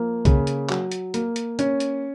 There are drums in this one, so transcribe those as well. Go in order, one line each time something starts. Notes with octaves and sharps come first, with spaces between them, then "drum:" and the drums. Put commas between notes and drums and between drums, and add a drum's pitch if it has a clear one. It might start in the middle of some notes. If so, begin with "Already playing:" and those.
Already playing: F3 A#3
C#3, drum: kick, hi-hat
drum: hi-hat
F#3, drum: clap
drum: hi-hat
A#3, drum: hi-hat
drum: hi-hat
C#4, drum: hi-hat
drum: hi-hat